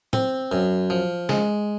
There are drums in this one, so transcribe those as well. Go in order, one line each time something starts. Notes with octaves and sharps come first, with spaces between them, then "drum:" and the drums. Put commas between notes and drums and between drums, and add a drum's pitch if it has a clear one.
C4, drum: tom
F#2
F3
G#3, drum: snare